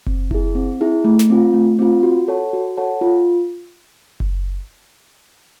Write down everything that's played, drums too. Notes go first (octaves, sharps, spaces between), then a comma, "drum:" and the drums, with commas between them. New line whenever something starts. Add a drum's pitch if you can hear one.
C4, drum: kick F#1
E4 G#4, drum: kick F#1
C4
E4 G#4
A3
drum: snare
C4 F4
A3
C4 F4
F#4
A4 C#5 F#5 A5
F#4
A4 C#5 F#5 A5
F4
drum: kick F#1